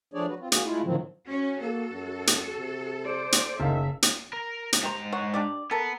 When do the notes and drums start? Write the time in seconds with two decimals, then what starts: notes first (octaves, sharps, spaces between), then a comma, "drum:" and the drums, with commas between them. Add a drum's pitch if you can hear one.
0.14 F3 A3 D4 G#4 C#5 D5
0.28 F#3 F#4 B4
0.39 C4 F4
0.52 A#3 F#4 G#4, drum: hi-hat
0.65 G#3 A3 E4 F4
0.84 A2 D3 D#3 F3 F#3 C4
1.29 C#4 F#4
1.61 A#3 A4
1.92 F#2
2.27 drum: hi-hat
2.59 C3
3.02 C5 D5
3.32 drum: hi-hat
3.60 F#1 D#3 E5 F5
4.03 drum: hi-hat
4.33 A#4
4.73 drum: hi-hat
4.83 G#2 G4 C5 A#5
5.12 C5 C#5 F#5
5.34 D4 G4 D5
5.71 B3 A4 A#4